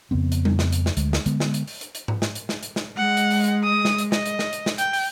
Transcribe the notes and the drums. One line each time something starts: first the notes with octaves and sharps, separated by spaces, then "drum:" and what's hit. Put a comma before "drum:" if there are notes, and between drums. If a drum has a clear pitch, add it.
F2 C#3 B3 C4
drum: hi-hat
drum: tom G3
drum: snare
drum: hi-hat
drum: snare
D2 G#3, drum: hi-hat
drum: snare
D3 G#3 B3, drum: hi-hat
drum: snare
drum: hi-hat
drum: open hi-hat
drum: hi-hat
drum: hi-hat
drum: tom G#2
drum: snare
drum: hi-hat
drum: snare
drum: hi-hat
drum: snare
G#3 F#5
drum: hi-hat
drum: open hi-hat
drum: hi-hat
D#6
drum: snare
drum: hi-hat
D#5, drum: snare
drum: hi-hat
drum: snare
drum: hi-hat
drum: snare
G5, drum: hi-hat
drum: open hi-hat